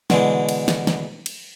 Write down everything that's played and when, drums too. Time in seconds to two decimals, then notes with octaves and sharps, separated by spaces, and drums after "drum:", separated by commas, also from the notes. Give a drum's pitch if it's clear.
0.10 B2 D3 E3 G#3, drum: snare
0.49 drum: cymbal
0.68 drum: snare
0.87 drum: snare
1.26 drum: cymbal